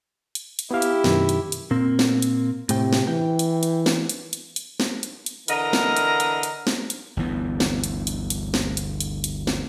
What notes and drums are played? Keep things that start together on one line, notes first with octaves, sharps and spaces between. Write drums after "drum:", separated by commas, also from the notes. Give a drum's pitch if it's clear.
drum: hi-hat
drum: hi-hat
B3 E4 G4 F5
drum: hi-hat
F#2 B2 D#3, drum: snare
drum: hi-hat
drum: hi-hat
A#2 A#3 C4
drum: snare
drum: hi-hat
A2 C3 G5, drum: hi-hat
drum: snare
E3 G5
drum: hi-hat
drum: hi-hat
drum: snare
drum: hi-hat
drum: hi-hat
drum: hi-hat
drum: snare
drum: hi-hat
drum: hi-hat
D3 E3 A#4 D#5 A#5, drum: hi-hat
drum: snare
drum: hi-hat
drum: hi-hat
drum: hi-hat
drum: snare
drum: hi-hat
G1 D2 E3 B3
drum: snare
drum: hi-hat
drum: hi-hat
drum: hi-hat
drum: snare
drum: hi-hat
drum: hi-hat
drum: hi-hat
drum: snare